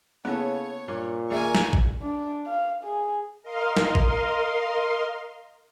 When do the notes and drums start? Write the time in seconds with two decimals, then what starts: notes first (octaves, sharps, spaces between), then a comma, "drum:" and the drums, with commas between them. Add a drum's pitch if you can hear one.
0.25 C#3 A#3 B3 E4 A4 C#5
0.88 G2 A#2
1.30 D#2 A#3 G#4 A#4 D5 E5 G#5 C#6
1.55 drum: snare
1.73 drum: kick A1
2.02 D4
2.47 F5
2.84 G#4
3.42 A#4 D#5 F5 C6
3.77 drum: snare
3.95 drum: kick A1